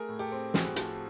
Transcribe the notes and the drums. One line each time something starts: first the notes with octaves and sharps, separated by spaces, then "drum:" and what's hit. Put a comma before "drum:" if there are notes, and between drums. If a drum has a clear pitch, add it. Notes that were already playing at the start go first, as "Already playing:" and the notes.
Already playing: A3 G#4 A#4
A2
G4 A4
C4
A2 F#4 G#4, drum: snare
F3, drum: hi-hat